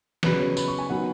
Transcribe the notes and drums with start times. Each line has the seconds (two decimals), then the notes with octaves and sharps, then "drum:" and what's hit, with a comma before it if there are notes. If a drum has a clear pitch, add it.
0.23 C#3 F#3 B3 B4, drum: snare
0.40 C#5
0.57 B5, drum: tambourine
0.68 C#6
0.79 G#5
0.90 D#3 F#3 B3 F#5